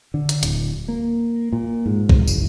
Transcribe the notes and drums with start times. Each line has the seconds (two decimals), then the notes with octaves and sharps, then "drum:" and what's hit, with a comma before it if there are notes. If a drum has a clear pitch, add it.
0.14 D3
0.29 drum: hi-hat
0.43 D1, drum: hi-hat
0.88 A#3
1.53 A#2
1.86 G#2
2.09 drum: kick
2.27 F#1, drum: tambourine